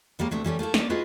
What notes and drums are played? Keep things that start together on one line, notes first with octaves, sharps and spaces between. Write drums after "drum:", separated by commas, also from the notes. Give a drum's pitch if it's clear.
D#2 G3 G#3 A#3
D2 C3 A3 D4
E3 G3 A3 C#4
A3 A#3 E4 A4
A#3 C#4 D5, drum: snare
F4 F#4 G#4 B4 D#5